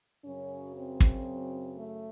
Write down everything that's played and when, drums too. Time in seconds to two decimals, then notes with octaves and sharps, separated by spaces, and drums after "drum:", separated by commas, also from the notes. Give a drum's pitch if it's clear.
0.25 F#2 C#3 F#3 C#4
0.76 C4
1.00 drum: kick
1.75 A3